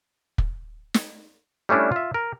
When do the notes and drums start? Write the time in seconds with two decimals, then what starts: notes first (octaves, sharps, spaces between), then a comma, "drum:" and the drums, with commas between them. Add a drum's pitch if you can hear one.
0.38 drum: kick
0.94 drum: snare
1.69 G3 A3 C#4 D4 E4
1.92 F4 E5
2.14 A#4